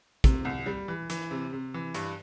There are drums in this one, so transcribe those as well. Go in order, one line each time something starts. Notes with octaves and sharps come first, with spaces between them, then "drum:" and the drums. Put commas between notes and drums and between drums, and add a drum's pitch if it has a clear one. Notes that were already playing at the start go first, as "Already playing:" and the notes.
C3, drum: kick, hi-hat
C2
G3
E3
E3, drum: hi-hat
C3
C3
E3
G2, drum: hi-hat